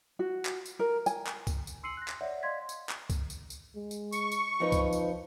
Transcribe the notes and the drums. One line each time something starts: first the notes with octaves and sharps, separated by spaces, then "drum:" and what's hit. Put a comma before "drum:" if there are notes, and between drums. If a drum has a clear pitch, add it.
F#4
drum: clap
drum: tambourine
A#4
G#5, drum: tambourine
drum: clap
drum: kick, tambourine
drum: tambourine
C6 E6 C7 C#7 D#7 F#7
F#6 A#6
drum: clap
C#5 D5 E5 F#5
D5 D#5 F5 C6 G#6 B6
drum: tambourine
drum: clap
drum: kick, tambourine
drum: tambourine
drum: tambourine
G#3
drum: tambourine
C#6, drum: tambourine
drum: tambourine
F2 F3 D#4 B4
drum: kick, tambourine
drum: tambourine